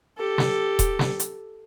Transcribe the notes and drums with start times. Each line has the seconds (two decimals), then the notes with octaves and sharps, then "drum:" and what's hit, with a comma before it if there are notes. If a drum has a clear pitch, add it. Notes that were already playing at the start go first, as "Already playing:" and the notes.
0.18 G4 A4
0.38 drum: snare
0.79 drum: kick D#1, hi-hat
0.99 drum: snare
1.20 drum: hi-hat